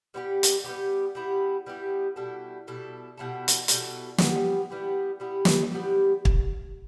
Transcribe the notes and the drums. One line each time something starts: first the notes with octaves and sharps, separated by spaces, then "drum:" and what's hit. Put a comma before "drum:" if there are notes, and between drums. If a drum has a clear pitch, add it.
G3 B3 E4 G4
drum: hi-hat
G3 B3 E4 G4
G3 B3 E4 G4
G3 B3 E4 G4
B2 G3 E4 A4
B2 G3 E4 A4
B2 G3 E4 A4
drum: hi-hat
B2 G3 E4 A4, drum: hi-hat
G3 B3 E4 G4, drum: snare
G3 B3 E4 G4
G3 B3 E4 G4
drum: snare
G3 B3 E4 G4
drum: kick